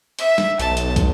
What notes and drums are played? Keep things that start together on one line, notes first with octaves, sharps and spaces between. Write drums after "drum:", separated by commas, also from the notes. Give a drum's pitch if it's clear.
E5, drum: hi-hat
drum: snare G3
B1 A5, drum: hi-hat
drum: hi-hat
drum: kick, hi-hat